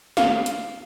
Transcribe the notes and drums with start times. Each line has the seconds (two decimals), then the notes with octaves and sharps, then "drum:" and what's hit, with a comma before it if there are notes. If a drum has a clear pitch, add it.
0.17 F5, drum: snare
0.46 drum: hi-hat